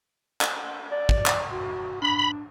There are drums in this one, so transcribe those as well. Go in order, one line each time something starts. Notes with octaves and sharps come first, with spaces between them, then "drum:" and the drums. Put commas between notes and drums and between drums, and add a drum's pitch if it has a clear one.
drum: clap
D5
drum: kick
drum: clap
F#4
D4 B5